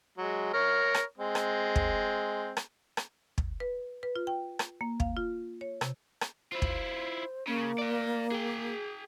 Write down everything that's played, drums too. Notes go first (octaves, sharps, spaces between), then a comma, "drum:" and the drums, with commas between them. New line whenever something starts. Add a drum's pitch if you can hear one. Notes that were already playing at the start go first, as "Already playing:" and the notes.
F#3 G#3
A#4 C#5
drum: rim click
G#3 C4
drum: rim click
drum: kick
drum: rim click
drum: rim click
drum: kick
B4
B4
F4
G5
drum: rim click
A#3
F5, drum: kick
F4
C#5
C3, drum: rim click
drum: rim click
E4 F4 C5
drum: kick
C#3 A#3
D5 F5
G#4 G5